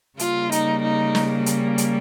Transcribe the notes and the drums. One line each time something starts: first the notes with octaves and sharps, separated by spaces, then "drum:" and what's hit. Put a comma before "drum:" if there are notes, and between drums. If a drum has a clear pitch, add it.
C#3 G3 A#3 F4, drum: hi-hat
D#4, drum: hi-hat
D#4
drum: snare
drum: hi-hat
drum: hi-hat